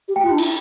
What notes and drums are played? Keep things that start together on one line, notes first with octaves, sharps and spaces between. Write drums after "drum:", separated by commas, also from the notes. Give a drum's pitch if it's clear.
G4
G5
F4
D4
E4, drum: cymbal